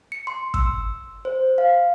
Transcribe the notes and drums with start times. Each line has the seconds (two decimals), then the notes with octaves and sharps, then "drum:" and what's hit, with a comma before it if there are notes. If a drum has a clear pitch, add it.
0.12 C#7
0.27 C6
0.54 E6, drum: kick
1.25 C5
1.58 F5